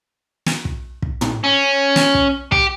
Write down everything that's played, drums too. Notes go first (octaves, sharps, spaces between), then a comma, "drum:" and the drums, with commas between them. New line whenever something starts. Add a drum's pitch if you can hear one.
drum: snare
drum: kick
drum: kick
drum: tom
C#4
drum: snare
drum: kick
G4, drum: kick